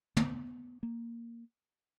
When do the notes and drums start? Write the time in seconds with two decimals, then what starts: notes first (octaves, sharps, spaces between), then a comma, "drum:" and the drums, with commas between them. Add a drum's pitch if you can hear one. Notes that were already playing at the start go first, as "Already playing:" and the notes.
0.17 B3, drum: tom
0.83 A#3